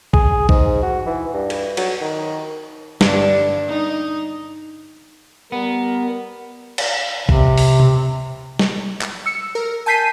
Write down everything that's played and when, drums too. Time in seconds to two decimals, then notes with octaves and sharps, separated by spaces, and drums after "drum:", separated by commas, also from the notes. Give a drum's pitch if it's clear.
0.13 G#4, drum: kick A#1
0.49 G#2, drum: kick A#1
0.83 F#4
1.06 E3
1.34 G2
1.50 drum: cymbal
1.77 F#3, drum: cymbal
2.01 D#3
3.01 G2 D3 D4, drum: snare
3.68 D#4
5.52 G3 B3 A#4
6.78 drum: cymbal
7.29 C3, drum: kick A#1
7.58 drum: open hi-hat
7.80 drum: tom B2
8.59 drum: snare
9.01 drum: clap
9.26 E6 C#7
9.55 A#4
9.86 G#5 A5 G6 B6 C7 D#7